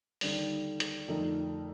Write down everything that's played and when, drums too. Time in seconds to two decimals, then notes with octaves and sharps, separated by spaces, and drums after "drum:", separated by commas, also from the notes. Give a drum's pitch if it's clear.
0.21 D#2 D3 G3, drum: open hi-hat
0.80 drum: hi-hat
1.08 F2 D3 A3 D#4 A#4